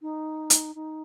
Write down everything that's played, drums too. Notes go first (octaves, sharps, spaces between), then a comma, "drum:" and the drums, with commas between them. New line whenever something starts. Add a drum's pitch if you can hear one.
D#4
drum: hi-hat
D#4